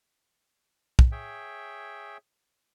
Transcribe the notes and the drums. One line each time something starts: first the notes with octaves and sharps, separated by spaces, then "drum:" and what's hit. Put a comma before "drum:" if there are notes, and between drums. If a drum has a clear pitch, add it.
drum: kick
G#4 C#5 E5 G5